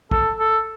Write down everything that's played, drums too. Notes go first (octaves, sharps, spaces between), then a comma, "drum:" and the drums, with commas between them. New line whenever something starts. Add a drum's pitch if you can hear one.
A4, drum: kick
A4